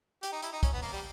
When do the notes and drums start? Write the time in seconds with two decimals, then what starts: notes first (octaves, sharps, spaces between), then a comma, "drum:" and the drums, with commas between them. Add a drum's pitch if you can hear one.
0.23 G4, drum: hi-hat
0.33 D#4
0.42 E4, drum: hi-hat
0.53 D#4
0.63 C#4, drum: kick, hi-hat
0.73 B3
0.82 A#3, drum: open hi-hat
0.93 G3